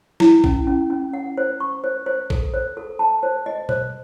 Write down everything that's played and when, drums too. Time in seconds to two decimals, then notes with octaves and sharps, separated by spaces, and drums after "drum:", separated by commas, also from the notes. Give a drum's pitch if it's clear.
0.20 E4, drum: snare
0.44 C#4, drum: kick A#1
0.67 C#4
0.90 C#4
1.13 F#5
1.38 C5
1.60 C#6
1.84 C5
2.06 C5
2.30 A4, drum: kick A#1
2.54 C5
2.77 A4
2.99 A5
3.23 C5
3.46 D#5
3.69 C5, drum: tom B2